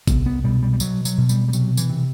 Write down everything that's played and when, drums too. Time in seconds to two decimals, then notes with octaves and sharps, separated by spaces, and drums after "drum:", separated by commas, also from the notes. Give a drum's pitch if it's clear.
0.07 C2 B3, drum: kick, tambourine
0.26 B3
0.44 B2 G3
0.63 G3
0.73 G3
0.80 B2 F#3, drum: tambourine
1.05 F#3, drum: tambourine
1.18 B2
1.29 G3, drum: tambourine
1.48 G3
1.53 C3 F#3, drum: tambourine
1.77 E3, drum: tambourine
1.90 C3